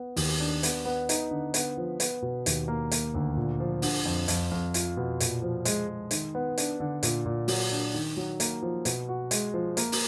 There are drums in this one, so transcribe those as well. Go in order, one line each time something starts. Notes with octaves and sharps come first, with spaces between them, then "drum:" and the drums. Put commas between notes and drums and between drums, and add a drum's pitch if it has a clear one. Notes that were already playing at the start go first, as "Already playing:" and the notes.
Already playing: B3
D#2, drum: open hi-hat
D4
B3, drum: hi-hat
B3
D#4, drum: hi-hat
D3
B3, drum: hi-hat
F3
B3, drum: hi-hat
B2
D#2, drum: hi-hat
A#3
A#3, drum: hi-hat
D2
A#2
F3
D3, drum: open hi-hat
F2
F2, drum: hi-hat
F2
F4, drum: hi-hat
B2
A#2, drum: hi-hat
F3
G#3, drum: hi-hat
G#3
D#3, drum: hi-hat
B3
D4, drum: hi-hat
D3
A#2, drum: hi-hat
A#2
F#3, drum: open hi-hat
D4
D#3
F#3
A#3, drum: hi-hat
F3
B2, drum: hi-hat
F#4
G#3, drum: hi-hat
F3
A#3, drum: hi-hat
drum: open hi-hat